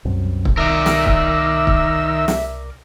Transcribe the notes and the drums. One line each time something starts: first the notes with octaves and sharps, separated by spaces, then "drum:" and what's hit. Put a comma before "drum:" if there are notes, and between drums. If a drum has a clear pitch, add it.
C2 F#2 B2 C4
drum: kick
D#3 A#4 D5 E5 E6
drum: snare
drum: kick
drum: kick
drum: snare